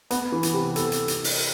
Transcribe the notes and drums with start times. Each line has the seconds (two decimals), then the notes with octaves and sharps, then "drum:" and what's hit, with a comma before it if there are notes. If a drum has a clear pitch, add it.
0.10 B3, drum: hi-hat
0.32 E3
0.43 drum: hi-hat
0.54 C3
0.76 A4, drum: hi-hat
0.92 drum: hi-hat
1.08 drum: hi-hat
1.24 drum: open hi-hat